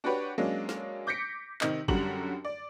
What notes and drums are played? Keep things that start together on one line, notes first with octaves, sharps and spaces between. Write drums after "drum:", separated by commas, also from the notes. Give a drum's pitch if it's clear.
D4 F#4 G4 B4 C#5
F#3 G#3 A#3 C#4 D4
drum: snare
D6 G6 A#6 B6 C#7 D7
C3 D#3 D#4, drum: clap
F#2 D3 G3 F#4 A#5 F#7, drum: kick
D5